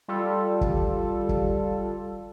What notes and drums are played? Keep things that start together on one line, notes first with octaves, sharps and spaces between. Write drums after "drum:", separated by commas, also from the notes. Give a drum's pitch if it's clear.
G3 F4 A4
drum: kick
drum: kick